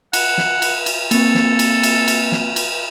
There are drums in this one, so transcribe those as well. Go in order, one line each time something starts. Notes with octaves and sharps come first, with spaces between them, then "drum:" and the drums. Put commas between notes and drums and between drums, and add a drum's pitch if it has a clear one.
F#5, drum: cymbal
drum: snare
drum: cymbal
drum: cymbal
A#3 C4 A4, drum: cymbal
drum: snare
drum: cymbal
drum: cymbal
drum: cymbal
drum: snare
drum: cymbal